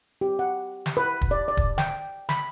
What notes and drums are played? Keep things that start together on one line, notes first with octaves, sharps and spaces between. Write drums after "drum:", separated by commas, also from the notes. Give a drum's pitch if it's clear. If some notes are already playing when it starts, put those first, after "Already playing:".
G4
F#5
drum: snare
B4
drum: kick
D5
D5
drum: kick
G5, drum: snare
B5, drum: snare